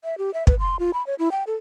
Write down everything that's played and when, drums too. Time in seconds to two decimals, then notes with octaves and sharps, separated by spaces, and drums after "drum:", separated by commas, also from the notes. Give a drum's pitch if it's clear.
0.04 E5
0.18 G4
0.34 E5
0.47 B4, drum: kick
0.60 C6
0.79 F4
0.94 B5
1.07 C#5
1.19 E4
1.31 G5
1.47 A4